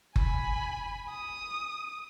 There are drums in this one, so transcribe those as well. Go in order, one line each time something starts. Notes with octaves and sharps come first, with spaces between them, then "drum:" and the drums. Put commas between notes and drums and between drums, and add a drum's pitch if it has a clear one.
G#5 B5, drum: kick F#1
D#6